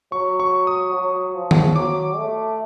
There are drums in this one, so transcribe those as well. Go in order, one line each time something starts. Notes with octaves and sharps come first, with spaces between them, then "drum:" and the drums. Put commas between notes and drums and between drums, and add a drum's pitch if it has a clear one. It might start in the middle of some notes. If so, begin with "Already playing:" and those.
F#3 C#6
C#6
D#6
F#3
F3
drum: tom D#3
F#3 D6
A3